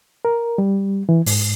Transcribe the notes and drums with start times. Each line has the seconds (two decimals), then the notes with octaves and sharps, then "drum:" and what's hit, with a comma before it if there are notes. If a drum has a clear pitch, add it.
0.25 A#4
0.58 G3
1.09 E3
1.26 G#2, drum: open hi-hat